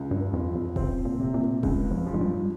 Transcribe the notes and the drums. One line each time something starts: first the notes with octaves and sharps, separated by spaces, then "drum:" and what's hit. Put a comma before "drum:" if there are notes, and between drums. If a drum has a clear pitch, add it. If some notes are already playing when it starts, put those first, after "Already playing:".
Already playing: C#2
G2
F2 F3
F2
C#3 C4, drum: kick D#1
A#2
C3
A#2
C#2 G#2, drum: kick D#1
F2
F3
G#2
G2